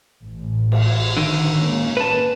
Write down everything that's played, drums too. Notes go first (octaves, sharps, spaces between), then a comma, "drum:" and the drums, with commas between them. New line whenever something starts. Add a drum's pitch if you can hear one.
A1
drum: cymbal
D3 D#3
G#3 A#3 C#4
B4 A5